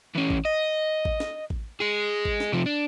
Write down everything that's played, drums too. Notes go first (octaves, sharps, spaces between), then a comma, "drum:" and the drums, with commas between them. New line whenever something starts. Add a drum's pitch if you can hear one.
E3 C#4
drum: kick A1
D#5
drum: kick A1
drum: snare
drum: kick A1
G#3 G#4
drum: kick A1
drum: snare
C3 F3
D4